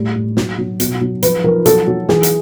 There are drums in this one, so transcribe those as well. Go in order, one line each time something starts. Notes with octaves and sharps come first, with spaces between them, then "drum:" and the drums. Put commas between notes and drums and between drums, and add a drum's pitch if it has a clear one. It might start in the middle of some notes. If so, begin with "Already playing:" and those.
Already playing: A2 G3
A2
F#3, drum: snare
F#3
B2, drum: hi-hat
F#3
F3 B4, drum: hi-hat
F3 A#4
F#3 A4, drum: hi-hat
F#3
E3 G#4, drum: snare
drum: hi-hat